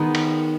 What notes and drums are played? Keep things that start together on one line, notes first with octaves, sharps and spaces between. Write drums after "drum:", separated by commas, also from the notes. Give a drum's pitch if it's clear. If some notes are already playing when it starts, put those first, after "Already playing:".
Already playing: D#3 G#3 B3 D#4
drum: cymbal